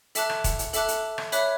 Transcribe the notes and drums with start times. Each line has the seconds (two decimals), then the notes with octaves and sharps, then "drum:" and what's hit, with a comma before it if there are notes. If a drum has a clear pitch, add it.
0.15 A4 E5 A5 D6 F#6, drum: hi-hat
0.30 drum: rim click
0.44 drum: kick E1, hi-hat
0.59 drum: hi-hat
0.73 A4 E5 A5 D6 F#6, drum: hi-hat
0.88 drum: hi-hat
1.18 drum: rim click
1.32 C#5 E5 B5 D6 F#6, drum: hi-hat